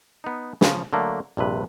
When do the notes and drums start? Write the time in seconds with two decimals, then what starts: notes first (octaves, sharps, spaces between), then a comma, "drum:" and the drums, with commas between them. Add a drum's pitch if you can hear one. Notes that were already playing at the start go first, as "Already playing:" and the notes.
0.24 B3 D#4
0.61 C#3 F3, drum: snare
0.93 D3 F#3 A3 A#3
1.37 A#1 G2 C3 B4